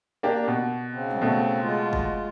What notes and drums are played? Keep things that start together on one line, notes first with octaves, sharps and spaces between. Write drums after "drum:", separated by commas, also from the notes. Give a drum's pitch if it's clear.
A#3 D4 G4
B2
C#3 C4
drum: tom
B2 A3
G#3 F4
drum: kick